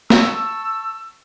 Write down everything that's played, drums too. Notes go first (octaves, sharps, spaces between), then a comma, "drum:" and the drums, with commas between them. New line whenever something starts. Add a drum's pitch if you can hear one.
A5 C#6 E6, drum: snare